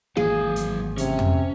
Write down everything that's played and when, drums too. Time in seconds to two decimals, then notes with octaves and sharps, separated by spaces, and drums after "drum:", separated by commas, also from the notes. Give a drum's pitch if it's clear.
0.17 G#1 E3 F#3 A#3 G#4 F5
0.56 drum: hi-hat
0.98 C3 C#4, drum: hi-hat
1.19 drum: tom F2